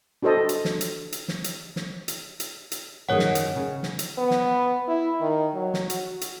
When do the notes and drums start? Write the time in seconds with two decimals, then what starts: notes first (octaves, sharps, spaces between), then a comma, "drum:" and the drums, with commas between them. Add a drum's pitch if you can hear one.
0.23 D4 F#4 A4 C5 D#5 A5
0.49 drum: hi-hat
0.65 drum: snare
0.81 drum: hi-hat
1.12 drum: hi-hat
1.28 drum: snare
1.44 drum: hi-hat
1.76 drum: snare
2.08 drum: hi-hat
2.40 drum: hi-hat
2.72 drum: hi-hat
3.09 F#2 D#3 G#4 C#5 F#5
3.19 drum: snare
3.35 drum: hi-hat
3.56 C#3
3.83 drum: snare
3.99 drum: hi-hat
4.18 B3
4.31 drum: snare
4.88 E4
5.21 D#3
5.54 F#3
5.74 drum: snare
5.90 F#4, drum: hi-hat
6.21 drum: hi-hat